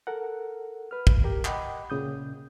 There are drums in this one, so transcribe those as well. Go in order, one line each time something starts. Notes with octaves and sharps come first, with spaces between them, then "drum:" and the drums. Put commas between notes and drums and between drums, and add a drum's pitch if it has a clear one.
A4 A#4 F#5
B4 F6
drum: kick
G4 A#4
D#5 F#5 G5 B5 D6 D#6, drum: clap
A#2 C#3 D#6 G6